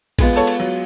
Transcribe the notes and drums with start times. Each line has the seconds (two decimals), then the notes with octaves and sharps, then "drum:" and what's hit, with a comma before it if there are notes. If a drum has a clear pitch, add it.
0.19 G#3 B3 F4, drum: kick A1, cymbal
0.36 A4 C#5
0.47 drum: cymbal
0.60 F#3